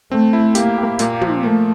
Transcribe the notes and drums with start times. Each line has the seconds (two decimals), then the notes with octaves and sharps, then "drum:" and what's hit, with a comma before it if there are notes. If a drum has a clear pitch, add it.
0.11 A3 C4
0.33 E4
0.55 A#3 G4, drum: hi-hat
0.78 G4
0.99 A#2 A#3, drum: hi-hat
1.21 F3, drum: tom
1.43 A3 A#3